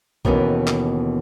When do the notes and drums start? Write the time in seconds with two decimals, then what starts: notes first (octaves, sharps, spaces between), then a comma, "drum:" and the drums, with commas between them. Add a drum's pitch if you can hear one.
0.25 D#2 B2 D3 E3 B3 C#4, drum: kick A#1
0.67 drum: clap